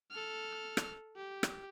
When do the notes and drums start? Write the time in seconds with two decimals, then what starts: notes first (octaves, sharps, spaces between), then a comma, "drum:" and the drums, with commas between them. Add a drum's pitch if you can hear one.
0.11 A4 F6
0.77 drum: rim click
1.16 G4
1.43 drum: rim click